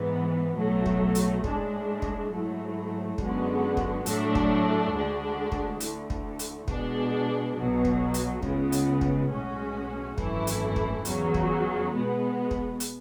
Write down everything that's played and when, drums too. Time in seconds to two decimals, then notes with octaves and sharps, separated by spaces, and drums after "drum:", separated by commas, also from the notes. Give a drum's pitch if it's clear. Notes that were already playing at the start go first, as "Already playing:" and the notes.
Already playing: G#2 E3 B3
0.56 B1 A2 F#3 A3
0.86 drum: kick
1.15 drum: hi-hat
1.44 A2 G#3 D4 G#4, drum: kick
2.02 drum: kick
2.32 G#2 F#3 A3 E4
3.18 F#2 D3 G#3 B3 F#4, drum: kick
3.77 drum: kick
4.06 A2 F#3 A3 D4 A4, drum: hi-hat
4.35 drum: kick
4.94 D2 D3 G#3 D4 F#4
5.52 drum: kick
5.80 D2 D3 A3 E4, drum: hi-hat
6.10 drum: kick
6.39 drum: hi-hat
6.68 B2 G#3 D4 G#4, drum: kick
7.56 B1 B2 F#3
7.85 drum: kick
8.14 drum: hi-hat
8.43 C#2 C#3 G#3 B3, drum: kick
8.72 drum: hi-hat
9.01 drum: kick
9.30 B1 A2 G#3 C#4 F#4
10.18 G#1 F#2 E3 A3 E4, drum: kick
10.47 drum: hi-hat
10.76 drum: kick
11.05 E2 C#3 F#3, drum: hi-hat
11.34 drum: kick
11.92 B2 G#3 B3
12.51 drum: kick
12.80 drum: hi-hat